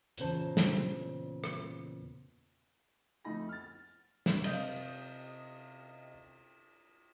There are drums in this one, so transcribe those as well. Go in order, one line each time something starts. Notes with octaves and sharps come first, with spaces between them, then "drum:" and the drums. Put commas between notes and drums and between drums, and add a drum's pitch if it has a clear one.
E2 A#2 C#3 C5 A5, drum: hi-hat
drum: snare
drum: rim click
F2 A3 D#4 B5 A#6
F6 A6
drum: snare
C3 D#5 F5 G6, drum: cymbal